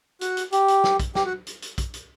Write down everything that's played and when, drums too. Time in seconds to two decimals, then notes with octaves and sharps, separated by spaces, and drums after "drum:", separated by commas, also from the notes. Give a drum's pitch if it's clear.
0.21 F#4, drum: hi-hat
0.37 drum: hi-hat
0.52 G4, drum: hi-hat
0.68 drum: hi-hat
0.84 drum: snare
1.00 drum: kick, hi-hat
1.15 G4, drum: snare
1.26 F#4
1.47 drum: hi-hat
1.62 drum: hi-hat
1.78 drum: kick, hi-hat
1.94 drum: hi-hat